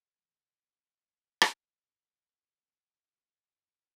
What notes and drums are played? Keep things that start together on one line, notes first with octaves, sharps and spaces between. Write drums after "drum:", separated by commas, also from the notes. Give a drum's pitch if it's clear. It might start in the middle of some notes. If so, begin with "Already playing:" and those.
F#3
E3
D3
C#3
B2
G#2
F#2
drum: rim click
E2
F#2
A2
G#2
B2
E2
E2
E2
F#2
E2